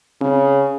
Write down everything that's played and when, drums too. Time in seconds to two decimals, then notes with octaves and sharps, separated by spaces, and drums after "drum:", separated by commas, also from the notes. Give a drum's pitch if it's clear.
0.21 C#3, drum: tom C4